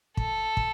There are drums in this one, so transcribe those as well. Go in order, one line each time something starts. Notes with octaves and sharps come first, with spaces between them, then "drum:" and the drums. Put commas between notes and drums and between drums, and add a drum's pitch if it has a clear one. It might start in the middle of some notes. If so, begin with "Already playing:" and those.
A4, drum: kick
drum: kick